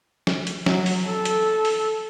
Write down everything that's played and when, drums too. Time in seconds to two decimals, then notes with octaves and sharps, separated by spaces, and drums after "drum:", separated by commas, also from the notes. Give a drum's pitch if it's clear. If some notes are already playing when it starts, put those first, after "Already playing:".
0.27 drum: snare
0.47 drum: hi-hat
0.66 F#3, drum: snare
0.86 drum: open hi-hat
1.06 A4
1.25 drum: hi-hat
1.65 drum: open hi-hat